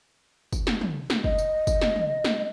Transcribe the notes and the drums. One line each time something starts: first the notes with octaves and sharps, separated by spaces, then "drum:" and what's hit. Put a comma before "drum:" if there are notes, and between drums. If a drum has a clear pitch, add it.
drum: kick, tambourine
drum: snare
drum: tom
drum: snare
D#5, drum: kick
drum: tambourine
drum: kick, tambourine
drum: snare
drum: tom
drum: snare